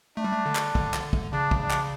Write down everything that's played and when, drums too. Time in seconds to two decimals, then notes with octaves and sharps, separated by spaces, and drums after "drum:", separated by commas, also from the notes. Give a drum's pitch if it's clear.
0.17 A3 D4
0.24 G3
0.32 A3
0.46 D3
0.55 drum: clap
0.75 D3, drum: kick
0.94 drum: clap
1.13 drum: kick
1.33 C#3 D4
1.51 drum: kick
1.62 D4
1.71 drum: clap